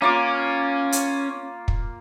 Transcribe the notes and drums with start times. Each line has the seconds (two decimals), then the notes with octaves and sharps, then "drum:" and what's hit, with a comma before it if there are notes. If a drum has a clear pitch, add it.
0.02 A#3 C#4 F4 D6
0.92 drum: hi-hat
1.68 drum: kick